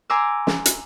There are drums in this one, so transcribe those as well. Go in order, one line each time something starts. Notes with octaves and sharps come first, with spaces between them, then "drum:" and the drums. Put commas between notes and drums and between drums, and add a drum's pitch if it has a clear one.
G#5 A#5 C6 D6 E6
drum: snare
drum: hi-hat